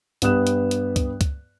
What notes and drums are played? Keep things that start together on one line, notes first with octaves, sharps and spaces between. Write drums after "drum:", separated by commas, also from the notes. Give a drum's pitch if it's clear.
G2 B3 B4 D#6 F#6 E7, drum: hi-hat
drum: hi-hat
drum: hi-hat
drum: kick C#2, hi-hat
drum: kick C#2, hi-hat